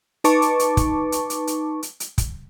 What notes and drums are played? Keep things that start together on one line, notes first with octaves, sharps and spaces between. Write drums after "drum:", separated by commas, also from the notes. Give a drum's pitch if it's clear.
D#4 B4 A5 C#6 D6, drum: hi-hat
drum: hi-hat
drum: hi-hat
drum: kick, hi-hat
drum: hi-hat
drum: hi-hat
drum: hi-hat
drum: hi-hat
drum: hi-hat
drum: kick, hi-hat